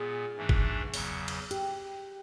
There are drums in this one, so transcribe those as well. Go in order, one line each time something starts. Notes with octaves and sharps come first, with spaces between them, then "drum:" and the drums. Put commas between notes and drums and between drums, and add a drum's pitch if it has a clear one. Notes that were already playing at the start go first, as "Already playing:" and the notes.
Already playing: A#2 B3 G#4
G#2 E3 A3 D4
drum: kick F#1
E2 C#3 F#3, drum: open hi-hat
drum: cymbal
G4, drum: hi-hat